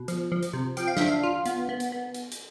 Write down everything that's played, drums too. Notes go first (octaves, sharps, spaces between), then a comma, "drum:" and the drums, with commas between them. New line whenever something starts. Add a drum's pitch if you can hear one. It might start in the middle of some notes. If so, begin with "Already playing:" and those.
Already playing: B2
F3, drum: hi-hat
F3
drum: hi-hat
C3
F3 G5, drum: hi-hat
F5
D4 E5, drum: snare
F5
F4
B3, drum: hi-hat
B3
drum: hi-hat
B3
drum: hi-hat
drum: hi-hat